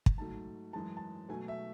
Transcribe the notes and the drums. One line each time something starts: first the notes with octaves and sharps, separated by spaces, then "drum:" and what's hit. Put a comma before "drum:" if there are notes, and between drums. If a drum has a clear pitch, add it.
drum: kick
G#2 F#3 A3 A5
F#2 E3 G#3 A5
A5
B2 F#3 A3 G#5
E5